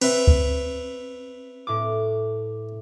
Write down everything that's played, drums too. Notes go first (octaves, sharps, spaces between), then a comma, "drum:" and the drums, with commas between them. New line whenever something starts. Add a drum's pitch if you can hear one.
C4 B4 E5, drum: cymbal
drum: kick D2
A2 D6